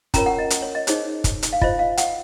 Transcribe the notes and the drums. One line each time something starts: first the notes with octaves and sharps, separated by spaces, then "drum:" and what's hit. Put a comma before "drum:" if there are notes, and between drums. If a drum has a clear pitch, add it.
C#4 F4 A#4 C#5 A#5, drum: kick, hi-hat
F#5
D#5
drum: hi-hat
C#5
D#5
D#4 G#4 C5 C#5, drum: hi-hat
drum: kick, hi-hat
drum: hi-hat
F5
F4 C5 D#5, drum: kick
F5
F#5, drum: hi-hat